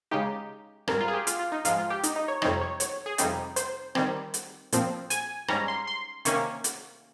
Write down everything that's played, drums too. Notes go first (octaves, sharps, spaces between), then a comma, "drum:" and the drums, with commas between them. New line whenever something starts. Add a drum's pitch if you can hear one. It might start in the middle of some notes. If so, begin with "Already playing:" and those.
C#3 G#3 D#4 G4
G#2 G3 C4 A#4, drum: rim click
F4
G#4
G4
F4, drum: hi-hat
F4
D#4
G#2 F3 G#3 F4, drum: hi-hat
F4
G4
D#4, drum: hi-hat
D#4
C#5
F2 C3 G3 C4 D#4 C#5, drum: rim click
C#5
C#5, drum: hi-hat
G#4
F2 C3 G3 C4 D#4, drum: hi-hat
C5, drum: hi-hat
D#3 G3 C4, drum: rim click
drum: hi-hat
A#2 F3 C4, drum: hi-hat
G#5, drum: hi-hat
G#2 G3 C#4 A#5, drum: rim click
C6
C6
C3 D#3 A#3 C#4 C#6, drum: hi-hat
drum: hi-hat